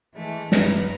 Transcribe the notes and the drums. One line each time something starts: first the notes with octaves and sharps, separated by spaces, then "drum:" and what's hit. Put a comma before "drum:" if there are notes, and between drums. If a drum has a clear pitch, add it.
E3 G#3 A3
G2 B4 A#5, drum: snare